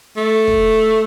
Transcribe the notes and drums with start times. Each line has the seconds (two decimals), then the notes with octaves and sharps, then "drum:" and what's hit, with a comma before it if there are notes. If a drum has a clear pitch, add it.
0.17 A3
0.47 drum: kick